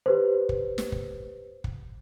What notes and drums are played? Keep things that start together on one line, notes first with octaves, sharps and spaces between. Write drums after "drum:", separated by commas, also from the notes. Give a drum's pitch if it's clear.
G4 B4 C5
drum: kick
drum: snare
drum: kick
drum: kick